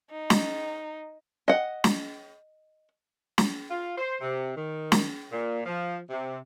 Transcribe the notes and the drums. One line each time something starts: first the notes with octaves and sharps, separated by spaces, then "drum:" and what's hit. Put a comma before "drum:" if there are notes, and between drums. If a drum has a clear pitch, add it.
D#4
drum: snare
D#5 F#5
drum: snare
drum: snare
F4
C5
C3
D#3
drum: snare
A#2
F3
C3